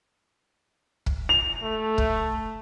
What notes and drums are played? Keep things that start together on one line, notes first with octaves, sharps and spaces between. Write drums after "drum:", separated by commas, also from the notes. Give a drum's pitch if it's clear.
drum: kick
F7
A3
drum: kick